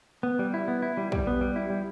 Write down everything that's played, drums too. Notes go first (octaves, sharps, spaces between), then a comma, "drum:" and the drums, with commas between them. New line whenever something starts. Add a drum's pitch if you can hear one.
B3
G3
E4
B3
E4
G3
G3, drum: kick
B3
G3
E4
G3